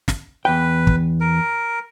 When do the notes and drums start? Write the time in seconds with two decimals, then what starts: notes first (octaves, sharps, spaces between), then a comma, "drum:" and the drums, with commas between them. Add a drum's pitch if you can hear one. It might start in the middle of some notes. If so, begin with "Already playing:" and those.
0.08 drum: snare
0.45 E2 B4 G5
0.87 drum: kick
1.20 A#4